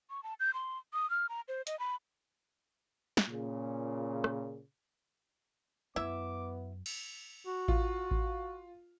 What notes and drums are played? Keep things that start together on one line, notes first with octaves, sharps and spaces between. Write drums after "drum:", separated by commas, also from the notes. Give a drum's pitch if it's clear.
C#6
A5
G6
C6
D#6
F6
A#5
C5
D#5, drum: hi-hat
B5
drum: snare
A#2 C#3
drum: rim click
F#2 B3 E4 E5 D6
drum: cymbal
F#4
F4, drum: kick A1
drum: kick A1